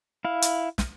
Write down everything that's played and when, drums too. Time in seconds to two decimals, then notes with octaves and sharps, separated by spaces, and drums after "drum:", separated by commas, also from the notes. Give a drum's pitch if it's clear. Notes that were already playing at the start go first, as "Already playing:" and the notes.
0.25 E4 F5
0.42 drum: hi-hat
0.78 drum: snare